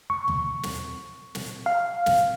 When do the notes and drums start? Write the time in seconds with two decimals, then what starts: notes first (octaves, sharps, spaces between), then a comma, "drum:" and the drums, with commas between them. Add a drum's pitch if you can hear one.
0.10 C#6
0.28 drum: tom D#2
0.63 drum: snare
1.35 drum: snare
1.66 F5
2.06 drum: snare